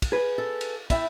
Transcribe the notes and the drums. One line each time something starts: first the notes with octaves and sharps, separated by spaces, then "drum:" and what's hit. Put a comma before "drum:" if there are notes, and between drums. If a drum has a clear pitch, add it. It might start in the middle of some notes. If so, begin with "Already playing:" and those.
drum: kick, cymbal
G#4 B4
A4
drum: cymbal
E4 E5 G5, drum: kick, cymbal